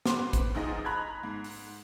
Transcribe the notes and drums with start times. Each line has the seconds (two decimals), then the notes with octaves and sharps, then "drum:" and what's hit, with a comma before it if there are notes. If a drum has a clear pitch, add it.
0.06 B4 C5 C6 D6, drum: snare
0.33 drum: kick, hi-hat
0.55 D2 F3 D#4 G#4 D#5 A#6
0.85 A#5 B5 F#6 G#6
1.23 G#2
1.44 drum: open hi-hat